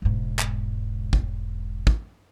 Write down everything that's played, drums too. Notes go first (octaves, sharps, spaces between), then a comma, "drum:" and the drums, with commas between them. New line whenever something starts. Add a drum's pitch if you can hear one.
E1 G#2
drum: clap
drum: kick
drum: kick